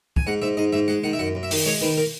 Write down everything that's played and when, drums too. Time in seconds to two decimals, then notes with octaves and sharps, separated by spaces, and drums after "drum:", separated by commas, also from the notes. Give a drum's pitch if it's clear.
0.16 G#5, drum: kick
0.27 G#2 F#5
0.42 G#2 E5
0.57 G#2 D#5
0.73 G#2 E5
0.88 G#3 F#5
1.04 D#3 F#5
1.13 E5
1.19 F#2 F#5
1.35 F#2
1.43 E5
1.51 D#3, drum: open hi-hat
1.66 G#3 C#5
1.81 D#3 B4
1.97 A#4